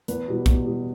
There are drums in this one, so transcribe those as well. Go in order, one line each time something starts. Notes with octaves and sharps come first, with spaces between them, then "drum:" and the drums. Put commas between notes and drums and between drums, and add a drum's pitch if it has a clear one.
E2 B4, drum: hi-hat
B2 G3
E2, drum: kick, hi-hat
B2 G3